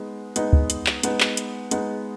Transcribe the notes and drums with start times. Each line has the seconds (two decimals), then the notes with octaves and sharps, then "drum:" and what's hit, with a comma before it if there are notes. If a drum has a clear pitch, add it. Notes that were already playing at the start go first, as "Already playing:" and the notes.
Already playing: G#3 B3 D#4
0.36 G#3 B3 D#4, drum: hi-hat
0.53 drum: kick
0.70 drum: hi-hat
0.87 drum: clap
1.03 G#3 B3 D#4, drum: hi-hat
1.20 drum: clap
1.37 drum: hi-hat
1.71 G#3 B3 D#4, drum: hi-hat